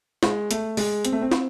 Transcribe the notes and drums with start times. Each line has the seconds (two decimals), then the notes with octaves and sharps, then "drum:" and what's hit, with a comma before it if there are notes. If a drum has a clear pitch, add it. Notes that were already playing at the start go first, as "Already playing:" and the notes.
0.23 G#3, drum: snare
0.51 A3, drum: hi-hat
0.77 G#3, drum: open hi-hat
1.05 C4, drum: hi-hat
1.12 A3
1.22 C4
1.31 drum: snare